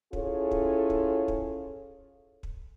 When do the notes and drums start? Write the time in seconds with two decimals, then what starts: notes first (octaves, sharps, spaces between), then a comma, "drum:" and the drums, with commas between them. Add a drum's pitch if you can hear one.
0.13 C#4 E4 F4 G#4 A4 C#5, drum: kick
0.51 drum: kick
0.90 drum: kick
1.28 drum: kick
2.43 drum: kick